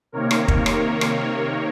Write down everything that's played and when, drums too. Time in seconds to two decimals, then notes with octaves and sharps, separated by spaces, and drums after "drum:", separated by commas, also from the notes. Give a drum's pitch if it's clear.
0.12 C3 D#3 A#3 A#4 C#5
0.31 drum: rim click
0.48 drum: kick
0.66 drum: rim click
1.01 drum: rim click